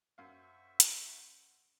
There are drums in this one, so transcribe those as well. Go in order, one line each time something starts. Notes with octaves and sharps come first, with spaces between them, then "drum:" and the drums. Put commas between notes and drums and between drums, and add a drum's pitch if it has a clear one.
F#2 C5 E5 F5 C#6
drum: hi-hat